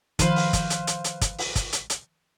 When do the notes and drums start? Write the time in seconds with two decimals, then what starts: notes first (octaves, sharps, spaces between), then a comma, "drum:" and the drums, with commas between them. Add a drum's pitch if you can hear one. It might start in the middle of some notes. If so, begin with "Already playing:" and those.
0.19 D#3 F3 B4 C5 F5, drum: kick, hi-hat
0.36 drum: open hi-hat
0.53 drum: kick, hi-hat
0.70 drum: hi-hat
0.87 drum: hi-hat
1.04 drum: hi-hat
1.21 drum: kick, hi-hat
1.38 drum: open hi-hat
1.56 drum: kick, hi-hat
1.73 drum: hi-hat
1.90 drum: hi-hat